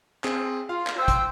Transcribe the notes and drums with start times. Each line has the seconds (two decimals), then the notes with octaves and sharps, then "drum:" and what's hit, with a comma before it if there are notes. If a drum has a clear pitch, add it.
0.24 C4 G#4, drum: clap
0.69 F4 F5
0.87 drum: clap
0.98 C5 G5 E6
1.08 drum: kick, hi-hat